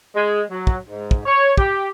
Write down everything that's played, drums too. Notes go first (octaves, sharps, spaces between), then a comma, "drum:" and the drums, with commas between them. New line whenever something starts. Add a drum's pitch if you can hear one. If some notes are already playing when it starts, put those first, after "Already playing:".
G#3
F#3
drum: kick
G#2
drum: kick
C#5
G4, drum: kick